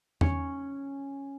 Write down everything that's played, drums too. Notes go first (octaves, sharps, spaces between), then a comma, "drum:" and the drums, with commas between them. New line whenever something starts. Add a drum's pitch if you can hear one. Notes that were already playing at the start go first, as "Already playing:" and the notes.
C#4, drum: tom E2